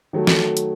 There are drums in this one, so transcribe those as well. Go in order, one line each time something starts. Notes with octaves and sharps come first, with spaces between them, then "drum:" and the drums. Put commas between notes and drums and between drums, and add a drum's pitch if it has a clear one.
D#3 F#3 A3
drum: snare
drum: hi-hat